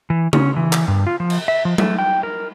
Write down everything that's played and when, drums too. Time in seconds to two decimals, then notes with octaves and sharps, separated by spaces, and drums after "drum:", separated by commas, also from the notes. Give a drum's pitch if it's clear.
0.10 E3
0.33 C#4, drum: tom C#3
0.56 E3
0.73 drum: clap
0.88 G2
1.07 F4
1.20 F3
1.30 drum: cymbal
1.48 E5
1.65 F3
1.78 A3, drum: tom F#3
1.99 G5
2.23 A#4